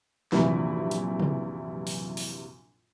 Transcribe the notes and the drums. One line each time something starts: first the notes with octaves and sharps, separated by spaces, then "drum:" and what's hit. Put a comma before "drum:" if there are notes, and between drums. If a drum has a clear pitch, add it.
A#1 F#2 C3 E3 E4 B5, drum: snare
drum: hi-hat
drum: tom C3
drum: open hi-hat
drum: open hi-hat